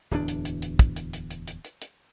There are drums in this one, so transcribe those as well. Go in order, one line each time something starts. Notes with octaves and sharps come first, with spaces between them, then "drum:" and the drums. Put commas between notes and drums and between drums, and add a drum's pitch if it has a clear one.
D1 E2 D4
drum: hi-hat
drum: hi-hat
drum: hi-hat
drum: kick, hi-hat
drum: hi-hat
drum: hi-hat
drum: hi-hat
drum: hi-hat
drum: hi-hat
drum: hi-hat